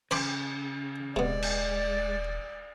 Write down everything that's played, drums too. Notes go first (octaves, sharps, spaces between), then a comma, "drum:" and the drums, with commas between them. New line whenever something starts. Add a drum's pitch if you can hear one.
C#3 C5 B5 D6, drum: cymbal
D#1 C3 G#3 B3 D5
drum: cymbal